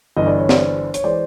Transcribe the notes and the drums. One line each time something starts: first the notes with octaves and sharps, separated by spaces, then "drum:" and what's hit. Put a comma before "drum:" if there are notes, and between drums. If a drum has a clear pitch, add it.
G1 G2 E3 D#5
D5
C#5
C5 D5, drum: snare
C#5, drum: hi-hat
E3 G#3 C5 D5